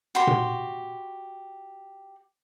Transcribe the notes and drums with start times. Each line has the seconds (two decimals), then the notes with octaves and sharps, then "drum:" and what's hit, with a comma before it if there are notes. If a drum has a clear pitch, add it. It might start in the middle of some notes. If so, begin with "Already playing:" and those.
0.15 F#4 G4 C6
0.27 drum: tom A#2